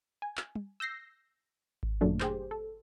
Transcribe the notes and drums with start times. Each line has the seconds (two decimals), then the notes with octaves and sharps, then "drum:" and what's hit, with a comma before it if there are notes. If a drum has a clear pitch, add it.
0.22 G#5
0.37 drum: clap
0.55 drum: tom
0.80 E6 G6 A#6 C7
1.83 drum: kick G#1
2.01 F#2 A#2 D3 F#3 A3 D4
2.20 G4 G#4 C5, drum: clap
2.51 A4